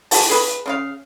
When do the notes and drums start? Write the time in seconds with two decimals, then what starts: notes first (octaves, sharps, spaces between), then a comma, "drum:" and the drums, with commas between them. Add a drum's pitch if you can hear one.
0.11 A5, drum: open hi-hat
0.29 G#4 B4
0.66 C#3 F4 F5